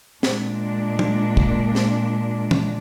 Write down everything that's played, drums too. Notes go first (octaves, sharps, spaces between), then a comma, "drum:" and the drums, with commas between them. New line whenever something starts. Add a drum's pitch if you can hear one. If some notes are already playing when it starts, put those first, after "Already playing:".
A#2 G#3 D4, drum: snare
drum: tom
drum: kick
drum: snare
drum: tom